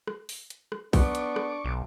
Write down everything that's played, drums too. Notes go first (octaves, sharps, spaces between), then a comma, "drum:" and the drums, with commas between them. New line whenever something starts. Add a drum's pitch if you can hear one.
drum: rim click
drum: open hi-hat
drum: hi-hat
drum: rim click
B3 D4 C#6 D6, drum: kick B1, open hi-hat
drum: hi-hat
drum: rim click
B1